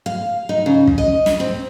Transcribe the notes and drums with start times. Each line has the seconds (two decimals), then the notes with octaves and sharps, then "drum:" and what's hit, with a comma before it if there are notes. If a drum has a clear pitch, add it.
0.06 F5
0.49 D#4
0.66 C#3
0.87 drum: kick
0.98 D#5
1.26 drum: snare
1.40 C4